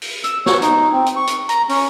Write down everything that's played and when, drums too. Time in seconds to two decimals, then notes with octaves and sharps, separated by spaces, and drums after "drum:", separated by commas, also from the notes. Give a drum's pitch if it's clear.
0.02 drum: open hi-hat
0.24 E6, drum: hi-hat
0.46 C#5, drum: snare
0.62 D#4, drum: hi-hat
0.92 C4
1.06 drum: hi-hat
1.16 C#6
1.27 drum: hi-hat
1.49 A#5, drum: hi-hat
1.69 C#4, drum: open hi-hat